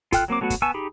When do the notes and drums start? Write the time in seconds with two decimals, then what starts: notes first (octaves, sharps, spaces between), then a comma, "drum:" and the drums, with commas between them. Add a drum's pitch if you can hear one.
0.12 F4 A4 G5 F6 F#6, drum: kick, hi-hat
0.28 F#3 A#3 C4 D6
0.41 F#3 A3 B3 F#4
0.50 drum: kick, hi-hat
0.62 B3 G#5 A5 C#6 E6
0.74 D#4 G4 G#4 B5